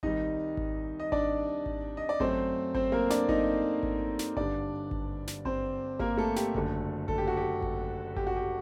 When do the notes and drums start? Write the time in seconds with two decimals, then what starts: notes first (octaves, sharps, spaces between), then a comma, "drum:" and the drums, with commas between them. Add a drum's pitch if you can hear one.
0.03 C2 C3 D#3 G3 D#4 D#5, drum: kick G#1
0.57 drum: kick G#1
1.00 D#5
1.12 D4 D5, drum: kick G#1
1.66 drum: kick G#1
1.97 D#5
2.09 D5
2.20 F#2 F#3 A3 C4 C5, drum: kick G#1
2.74 C4 C5, drum: kick G#1
2.92 A#3 A#4
3.10 D4 D5, drum: snare
3.29 D#4 D#5, drum: kick G#1
3.83 drum: kick G#1
4.19 drum: snare
4.37 G1 G2 D3 D4 D5, drum: kick G#1
4.91 drum: kick G#1
5.27 drum: snare
5.45 C4 C5, drum: kick G#1
5.99 A#3 A#4, drum: kick G#1
6.17 A3 A4
6.36 G4, drum: snare
6.55 F#1 F#2 D3 A3, drum: kick G#1
7.08 A4, drum: kick G#1
7.18 G4
7.28 F#4
7.37 G4
7.62 drum: kick G#1
8.17 G4, drum: kick G#1
8.27 F#4
8.36 G4